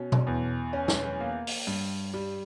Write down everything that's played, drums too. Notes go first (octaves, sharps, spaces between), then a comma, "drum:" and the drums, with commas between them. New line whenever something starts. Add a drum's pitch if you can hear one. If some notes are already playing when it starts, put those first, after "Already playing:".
Already playing: B2 C#4
drum: tom B2
E2
C#4
drum: snare
A#3
drum: open hi-hat
G2
G3